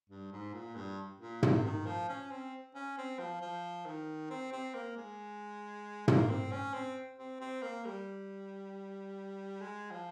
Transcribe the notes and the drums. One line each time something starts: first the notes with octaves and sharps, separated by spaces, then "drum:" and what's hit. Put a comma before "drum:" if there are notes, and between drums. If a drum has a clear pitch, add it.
G2
G#2
A#2
G2
A#2
C3, drum: tom
D#3
F3
C#4
C4
C#4
C4
F3
F3
D#3
C4
C4
A#3
G#3
A#3, drum: tom
C4
C#4
C4
C4
C4
A#3
G3
G#3
F3